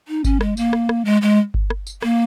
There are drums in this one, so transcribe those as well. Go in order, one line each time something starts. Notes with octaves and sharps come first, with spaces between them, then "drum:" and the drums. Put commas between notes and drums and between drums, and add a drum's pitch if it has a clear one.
D#4
C#4, drum: kick G1, tambourine
G#3, drum: rim click
A#3, drum: tambourine
drum: rim click
drum: rim click
G#3
G#3
drum: kick G1
drum: rim click
drum: tambourine
A#3, drum: rim click